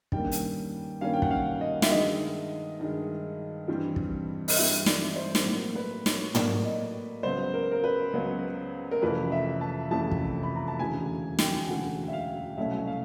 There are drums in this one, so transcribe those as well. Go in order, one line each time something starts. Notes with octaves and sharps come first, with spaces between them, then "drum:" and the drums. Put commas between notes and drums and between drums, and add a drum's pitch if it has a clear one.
G2 D#3 G3 A#3 C#4 G5, drum: kick
drum: hi-hat
G2 D#3 G3 A#3 C#4 F5
G5
F#5, drum: kick
F5
D#5
E5, drum: snare
G2 D#3 G#3 D#5
G2 D#3 G#3
G2 E3 G3 C4
drum: kick
D#5, drum: open hi-hat
G2 E3 G3 C4 E5
D5, drum: snare
C5
drum: snare
A2 F#3 A#3
B4
C#5, drum: snare
A2 F#3 A#3 D5, drum: tom
D#5
C#2 C#3 F#3 B3 C5
A#4
A#4
B4
C#2 C#3 F#3 B3
A#4
F2 C3 E3 A3 C#4 B4
E5
A5
F2 C3 E3 A3 C#4 A5
drum: kick
B5
A#5
A5
E1 D2 C#3 E3 G#5
G5, drum: snare
E1 D2 C#3 E3 F#5
E5
F5
C2 B2 F#3 A3 C#4 E5
F5